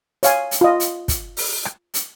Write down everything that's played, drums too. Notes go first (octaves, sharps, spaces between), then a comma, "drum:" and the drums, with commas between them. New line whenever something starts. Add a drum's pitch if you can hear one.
C#5 F5 G#5, drum: hi-hat
drum: hi-hat
F4 D#5
drum: hi-hat
drum: kick, hi-hat
drum: open hi-hat
drum: rim click
drum: hi-hat